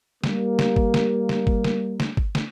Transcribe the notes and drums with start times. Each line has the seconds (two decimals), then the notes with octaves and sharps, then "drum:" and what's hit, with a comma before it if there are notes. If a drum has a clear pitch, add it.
0.24 G3 A#3, drum: snare
0.59 drum: snare
0.76 drum: kick G1
0.94 drum: snare
1.29 drum: snare
1.47 drum: kick G1
1.64 drum: snare
2.00 drum: snare
2.17 drum: kick G1
2.35 drum: snare